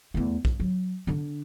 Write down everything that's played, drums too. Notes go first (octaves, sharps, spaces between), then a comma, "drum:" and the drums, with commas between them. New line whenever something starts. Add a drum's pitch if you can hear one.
E2 A3
G2, drum: kick
F#3
D3 D4